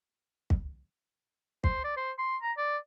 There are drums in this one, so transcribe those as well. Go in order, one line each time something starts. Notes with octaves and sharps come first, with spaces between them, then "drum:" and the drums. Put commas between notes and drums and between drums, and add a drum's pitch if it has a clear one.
drum: kick
C5, drum: kick
D5
C5
C6
A#5
D5